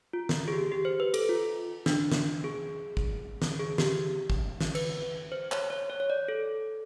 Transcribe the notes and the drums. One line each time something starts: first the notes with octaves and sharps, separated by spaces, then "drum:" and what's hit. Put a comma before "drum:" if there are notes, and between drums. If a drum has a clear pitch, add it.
F4
drum: snare
G#4
G4
G4
C5
B4
A4, drum: cymbal
F4
D4, drum: snare
drum: snare
G#4
drum: kick
drum: snare
G#4
G4, drum: snare
drum: kick
drum: snare
B4, drum: cymbal
C5
C#5, drum: clap
C#5
C#5
C#5
D5
A4